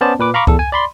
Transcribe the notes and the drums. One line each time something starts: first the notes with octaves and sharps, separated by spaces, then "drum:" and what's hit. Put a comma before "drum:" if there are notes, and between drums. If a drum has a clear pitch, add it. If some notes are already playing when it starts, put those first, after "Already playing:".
B3 C#4 C5 D5 A5
A#2 B4 D6
F5 A#5 B5 C#6 D6
E2 A4, drum: kick C#2
G#5
D5 B5 C6